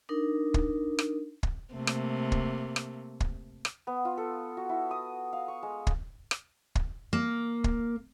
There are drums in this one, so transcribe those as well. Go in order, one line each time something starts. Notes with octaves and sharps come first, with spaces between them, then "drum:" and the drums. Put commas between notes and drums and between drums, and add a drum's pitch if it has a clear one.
D4 D#4 A#4
drum: kick
drum: rim click
drum: kick
C3 A3 A#3
drum: rim click
drum: kick
drum: rim click
drum: kick
drum: rim click
B3
F4
A4
F#4
E4
D#6
F5
C#6
G#3
drum: kick
drum: rim click
drum: kick
A#3
drum: kick